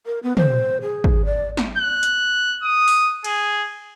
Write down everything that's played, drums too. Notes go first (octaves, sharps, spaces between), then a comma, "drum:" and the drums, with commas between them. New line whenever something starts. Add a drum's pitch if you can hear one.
A#4
B3
C5, drum: tom
G#4
drum: kick
D5
drum: snare
F#6
drum: hi-hat
D#6
drum: open hi-hat
G#4, drum: cymbal